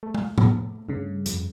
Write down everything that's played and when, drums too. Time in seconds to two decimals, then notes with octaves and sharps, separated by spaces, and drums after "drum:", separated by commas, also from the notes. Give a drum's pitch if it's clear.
0.03 A3
0.14 drum: tom
0.38 drum: tom A2
0.89 G2 C#3
1.26 F2, drum: hi-hat